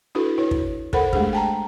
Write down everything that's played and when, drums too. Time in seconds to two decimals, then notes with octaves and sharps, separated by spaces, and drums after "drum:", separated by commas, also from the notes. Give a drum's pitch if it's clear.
0.15 D4 E4 F#4 A4 B4
0.38 E4 B4 C#5
0.51 drum: kick
0.93 A4 A#4 C5 F#5 B5, drum: kick
1.13 G#3 A3 D4 G4 G#4, drum: kick
1.33 G5 A5 A#5